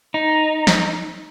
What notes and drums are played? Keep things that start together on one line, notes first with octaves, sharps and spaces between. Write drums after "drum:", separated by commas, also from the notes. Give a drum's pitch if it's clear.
D#4
drum: snare